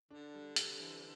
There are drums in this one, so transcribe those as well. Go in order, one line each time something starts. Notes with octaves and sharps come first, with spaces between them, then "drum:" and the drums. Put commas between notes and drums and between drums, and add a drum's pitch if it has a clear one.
D3 D4
G3
C3, drum: hi-hat
E3